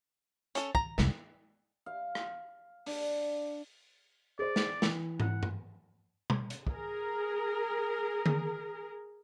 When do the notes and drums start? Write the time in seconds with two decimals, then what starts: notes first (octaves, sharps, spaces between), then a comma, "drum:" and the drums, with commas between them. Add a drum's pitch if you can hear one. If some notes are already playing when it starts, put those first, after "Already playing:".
0.55 C#4 A4, drum: hi-hat
0.75 A#5, drum: kick
0.98 C2 F2, drum: snare
1.86 F5
2.15 drum: rim click
2.86 D4, drum: open hi-hat
4.39 G#4 C5 D5
4.56 drum: snare
4.82 E3, drum: snare
5.20 F#5, drum: tom G#2
5.43 drum: tom G2
6.30 drum: tom B2
6.50 drum: hi-hat
6.67 G#4 A#4, drum: kick
8.26 drum: tom D3